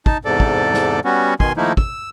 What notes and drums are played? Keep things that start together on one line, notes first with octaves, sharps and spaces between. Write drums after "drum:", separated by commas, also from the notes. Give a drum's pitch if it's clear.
D#4 A5, drum: kick
E2 G#2 C3 A4 D5
drum: kick
drum: snare
G3 B3 C#4 F#4
B2 D#3 G#5 C6, drum: kick
D#3 F3 A3 A#3 D#4 E4
E6, drum: kick